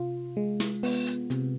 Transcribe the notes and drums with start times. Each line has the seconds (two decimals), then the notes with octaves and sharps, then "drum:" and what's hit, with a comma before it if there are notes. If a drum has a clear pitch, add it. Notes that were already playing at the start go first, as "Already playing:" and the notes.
Already playing: C3 F4
0.37 G#3
0.60 drum: snare
0.83 B3, drum: open hi-hat
1.07 drum: hi-hat
1.30 C3, drum: hi-hat